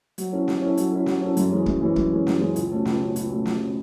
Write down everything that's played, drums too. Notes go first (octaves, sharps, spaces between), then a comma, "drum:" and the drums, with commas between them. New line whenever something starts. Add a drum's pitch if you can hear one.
F#3, drum: hi-hat
C#4 E4 A4
F#3, drum: snare
C#4 E4 A4
F#3, drum: hi-hat
C#4 E4 A4
F#3, drum: snare
C#4 E4 A4
F#2, drum: hi-hat
E3 G#3 C#4
F#2, drum: kick
E3 G#3 C#4
F#2, drum: kick
E3 G#3 C#4
F#2, drum: snare
E3 G#3 C#4
C#2, drum: hi-hat
B2 A3 C#4
C#2, drum: snare
B2 A3 C#4
C#2, drum: hi-hat
B2 A3 C#4
C#2, drum: snare
B2 A3 C#4